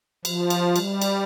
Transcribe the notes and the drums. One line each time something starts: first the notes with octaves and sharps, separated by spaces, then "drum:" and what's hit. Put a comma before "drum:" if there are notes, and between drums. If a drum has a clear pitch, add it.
F3, drum: cymbal
drum: cymbal
G3, drum: cymbal
drum: cymbal